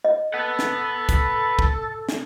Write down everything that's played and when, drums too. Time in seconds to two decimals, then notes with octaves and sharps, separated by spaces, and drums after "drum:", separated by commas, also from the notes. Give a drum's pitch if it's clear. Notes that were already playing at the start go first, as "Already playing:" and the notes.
0.05 D#5
0.34 A4 B4 F#5
0.59 drum: snare
1.09 drum: kick, hi-hat
1.59 drum: kick
2.09 drum: snare